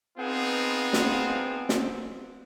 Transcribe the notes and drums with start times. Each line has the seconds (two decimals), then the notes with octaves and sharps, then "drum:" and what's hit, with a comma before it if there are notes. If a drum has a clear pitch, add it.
0.18 B3 C4 D#4 F4 G#4
0.93 drum: snare
1.69 drum: snare